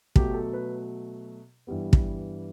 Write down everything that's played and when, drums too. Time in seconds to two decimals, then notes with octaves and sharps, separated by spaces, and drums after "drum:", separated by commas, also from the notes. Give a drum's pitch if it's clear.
0.16 B2 F#3 A3 G4, drum: kick
0.34 A4
0.53 B4
1.67 G2 E3 G3 B3
1.93 drum: kick